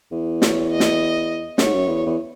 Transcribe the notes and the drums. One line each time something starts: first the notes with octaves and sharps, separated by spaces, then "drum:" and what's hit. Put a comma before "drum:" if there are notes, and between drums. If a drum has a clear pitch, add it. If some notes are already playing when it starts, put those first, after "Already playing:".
E2
C#5, drum: snare
D#5
drum: snare
F#2 C#5, drum: snare
G#2
F#2
E2
E2